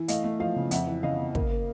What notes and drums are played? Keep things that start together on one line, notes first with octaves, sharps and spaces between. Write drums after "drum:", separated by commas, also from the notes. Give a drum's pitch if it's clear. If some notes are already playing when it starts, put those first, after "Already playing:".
Already playing: E3
A3 D#5 F5, drum: hi-hat
A3
F3 D#5 F5
C#3
F2 E5 F#5, drum: hi-hat
E3
C#3 D#5 F5
C#3
A#3, drum: kick
A#3